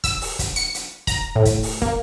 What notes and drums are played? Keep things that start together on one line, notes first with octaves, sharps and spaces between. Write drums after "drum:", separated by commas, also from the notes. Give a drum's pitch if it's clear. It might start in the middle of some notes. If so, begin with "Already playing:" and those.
E6, drum: kick, hi-hat
drum: open hi-hat
drum: kick, hi-hat
C#7, drum: hi-hat
drum: hi-hat
A#5, drum: kick, hi-hat
A2
drum: kick, hi-hat
drum: open hi-hat
A#3, drum: kick